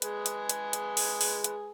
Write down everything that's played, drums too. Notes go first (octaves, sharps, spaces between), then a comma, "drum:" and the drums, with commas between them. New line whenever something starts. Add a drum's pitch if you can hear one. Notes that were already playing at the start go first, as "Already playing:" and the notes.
G#3 G#4 B4, drum: hi-hat
drum: hi-hat
drum: hi-hat
drum: hi-hat
drum: open hi-hat
drum: open hi-hat
drum: hi-hat